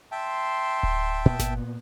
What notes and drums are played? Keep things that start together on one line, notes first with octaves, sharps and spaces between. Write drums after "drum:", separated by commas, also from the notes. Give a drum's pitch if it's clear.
E5 G5 A5 C6
drum: kick D1
A#2 B3
drum: snare G1